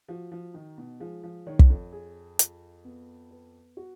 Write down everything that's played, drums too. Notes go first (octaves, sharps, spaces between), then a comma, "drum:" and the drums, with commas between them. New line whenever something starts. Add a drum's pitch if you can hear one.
F3 F#4
F3
D#3 D#4
B2
F3 G#3
F3
D#3 C#5
drum: kick
F2
G#4
F4, drum: hi-hat
B3
B4
F#4